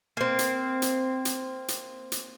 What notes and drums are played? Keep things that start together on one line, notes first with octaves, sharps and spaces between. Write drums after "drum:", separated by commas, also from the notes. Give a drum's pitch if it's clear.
A#3 C4
drum: hi-hat
drum: hi-hat
drum: hi-hat
drum: hi-hat
drum: hi-hat